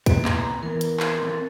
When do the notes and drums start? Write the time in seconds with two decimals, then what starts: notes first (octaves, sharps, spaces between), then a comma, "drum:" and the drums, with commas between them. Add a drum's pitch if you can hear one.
0.06 A2 C3 A#3 B3, drum: kick, hi-hat
0.25 drum: clap
0.39 A#5
0.63 E3 B3 A#4
0.81 drum: hi-hat
1.00 drum: clap
1.22 E3 C4 A4